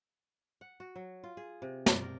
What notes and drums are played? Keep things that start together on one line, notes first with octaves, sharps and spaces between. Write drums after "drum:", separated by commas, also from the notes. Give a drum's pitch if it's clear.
F#5
F#4
F#3
F4
G#4
C3
D5, drum: snare
A#4